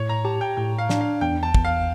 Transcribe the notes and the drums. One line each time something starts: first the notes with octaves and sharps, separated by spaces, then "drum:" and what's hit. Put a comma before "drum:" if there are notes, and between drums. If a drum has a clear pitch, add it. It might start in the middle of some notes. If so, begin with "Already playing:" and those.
Already playing: A2 C#5
A#5
G4 A5
G5
A2 G5
F5
D4, drum: snare
F5
E2 G5
A5
E2, drum: kick
F5